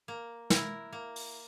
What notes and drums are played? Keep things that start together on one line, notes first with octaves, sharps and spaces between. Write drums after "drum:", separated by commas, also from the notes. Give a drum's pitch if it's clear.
A#3
E4 A#4, drum: snare
A#3
drum: open hi-hat